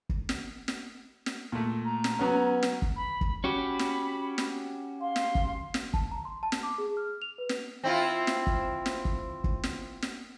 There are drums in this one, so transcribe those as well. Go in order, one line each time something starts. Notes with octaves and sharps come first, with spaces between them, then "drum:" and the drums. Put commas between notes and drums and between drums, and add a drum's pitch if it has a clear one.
drum: kick
drum: snare
drum: snare
drum: snare
A#2 A3
A#5
drum: snare
F#3 B3 C#4
drum: snare
drum: kick
B5
drum: kick
C#4 F#4 G4 B5
drum: snare
drum: snare
F5 C6
drum: snare
drum: kick
drum: snare
A5, drum: kick
A#5
C6
A5
drum: snare
D6
G#4
F6
F7
B4
drum: snare
C4 E4 F4
drum: snare
drum: kick
drum: snare
drum: kick
drum: kick
drum: snare
drum: snare